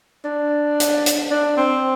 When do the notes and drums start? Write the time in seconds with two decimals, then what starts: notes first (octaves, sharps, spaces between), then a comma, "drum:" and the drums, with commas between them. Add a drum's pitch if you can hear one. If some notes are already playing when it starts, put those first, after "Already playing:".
0.25 D4
0.80 drum: hi-hat
1.06 drum: hi-hat
1.31 D4
1.57 C4